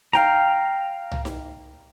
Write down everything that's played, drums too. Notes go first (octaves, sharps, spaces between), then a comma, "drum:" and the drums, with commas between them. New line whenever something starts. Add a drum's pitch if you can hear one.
F5 G5 A#5, drum: snare D#4
drum: tom C2
drum: snare D#4